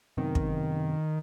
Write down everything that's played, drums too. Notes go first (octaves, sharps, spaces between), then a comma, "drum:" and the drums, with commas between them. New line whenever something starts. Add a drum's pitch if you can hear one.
F#2 C3 D#3 B3
drum: kick